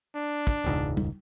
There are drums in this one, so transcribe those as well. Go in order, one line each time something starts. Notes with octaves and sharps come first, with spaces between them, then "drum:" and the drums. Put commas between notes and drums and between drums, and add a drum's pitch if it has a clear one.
D4
drum: kick
E1 C#2 G#2
drum: tom